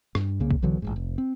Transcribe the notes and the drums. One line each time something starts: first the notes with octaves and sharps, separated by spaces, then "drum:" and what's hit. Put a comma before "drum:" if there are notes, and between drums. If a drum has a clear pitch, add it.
G2, drum: rim click
C2 C#3 A#3
drum: kick B1
B1 D3 E3 F#3
A1 F2 G#2
F1
C4